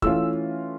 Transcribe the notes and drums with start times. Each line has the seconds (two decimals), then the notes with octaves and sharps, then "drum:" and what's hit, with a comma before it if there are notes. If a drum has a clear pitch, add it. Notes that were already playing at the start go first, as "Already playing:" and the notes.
0.02 E3 A3 C#4 F4 E6, drum: kick